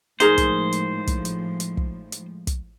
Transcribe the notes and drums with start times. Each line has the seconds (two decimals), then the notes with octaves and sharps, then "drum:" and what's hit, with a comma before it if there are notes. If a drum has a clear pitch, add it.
0.20 A2 F3 G#3 D#4 G#4 A#4 C5, drum: hi-hat
0.38 drum: kick, hi-hat
0.72 drum: hi-hat
1.07 drum: kick, hi-hat
1.25 drum: hi-hat
1.60 drum: hi-hat
1.77 drum: kick
2.12 drum: hi-hat
2.47 drum: kick, hi-hat